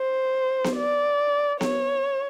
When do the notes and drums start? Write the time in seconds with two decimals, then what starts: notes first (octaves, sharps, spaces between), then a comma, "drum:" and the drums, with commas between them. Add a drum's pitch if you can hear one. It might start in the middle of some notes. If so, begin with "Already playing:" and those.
Already playing: C5
0.64 drum: snare B3
0.76 D5
1.61 C#5, drum: snare B3